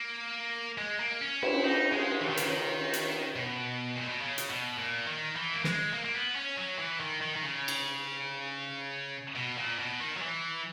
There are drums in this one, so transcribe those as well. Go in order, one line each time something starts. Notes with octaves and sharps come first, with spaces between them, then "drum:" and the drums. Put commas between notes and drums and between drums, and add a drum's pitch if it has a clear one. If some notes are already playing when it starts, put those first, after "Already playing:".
Already playing: A#3
G#3
A#3
C#4
E4, drum: cymbal
D#4
G#3
E3
D#3
C#3, drum: hi-hat
D#3
drum: hi-hat
B2
A#2
B2
C#3
drum: hi-hat
B2
A#2
D#3
E3
A#3
G#3, drum: snare
A#3
A#3
B3
C#4
F#3
E3
D#3
D#3
D#3
C#3
drum: cymbal
B2
A#2
B2
D#3
F#3
E3